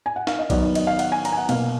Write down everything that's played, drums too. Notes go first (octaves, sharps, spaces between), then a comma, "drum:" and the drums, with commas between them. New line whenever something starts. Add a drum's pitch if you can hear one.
G#5
F#5
F5, drum: snare
D#5
D#3 F#3 B3 D5, drum: kick B1, cymbal
D5
D#5, drum: cymbal
F5
F#5, drum: cymbal
G#5
A#5, drum: cymbal
G#5
F#5
B2 A#3 F5, drum: cymbal